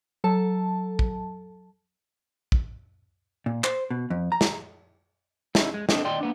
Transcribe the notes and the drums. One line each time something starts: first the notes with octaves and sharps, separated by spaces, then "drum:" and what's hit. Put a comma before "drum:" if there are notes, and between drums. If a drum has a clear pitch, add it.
F#3 A4 A5
drum: kick
drum: kick
A#2
C5, drum: clap
B2
F2
A#5
drum: snare
C#4 D#4 E4, drum: snare
G#3
A#3 C4 D4 E4 A4 D#5, drum: snare
D#2 A#2 D5 D#5 G5 C6
A#3 B3 D4